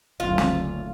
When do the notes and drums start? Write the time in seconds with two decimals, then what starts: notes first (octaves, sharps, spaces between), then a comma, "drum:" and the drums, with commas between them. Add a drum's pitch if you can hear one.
0.20 F#1 D2 F4
0.38 drum: snare